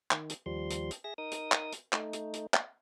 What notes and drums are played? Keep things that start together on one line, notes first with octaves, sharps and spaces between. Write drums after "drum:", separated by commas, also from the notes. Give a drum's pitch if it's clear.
D#3, drum: clap
drum: hi-hat
D#2 F3 G3 C6
drum: hi-hat
drum: hi-hat
G#4 E5 A#6
D#4 A#4 D#6
drum: hi-hat
drum: clap
drum: hi-hat
A3 D#4, drum: clap
drum: hi-hat
drum: hi-hat
drum: clap